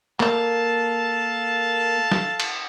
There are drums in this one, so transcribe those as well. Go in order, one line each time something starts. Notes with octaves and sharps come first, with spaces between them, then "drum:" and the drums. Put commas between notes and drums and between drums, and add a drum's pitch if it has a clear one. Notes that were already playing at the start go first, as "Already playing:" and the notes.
A#3 A4 F5 A5, drum: clap
drum: snare
drum: cymbal